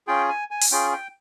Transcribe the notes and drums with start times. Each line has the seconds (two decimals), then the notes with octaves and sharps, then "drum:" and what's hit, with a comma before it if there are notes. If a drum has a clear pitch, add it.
0.07 C#4 F4 G#4 G5
0.29 G#5
0.51 G#5
0.62 drum: open hi-hat
0.71 C#4 F4 G#4 G5
0.93 G5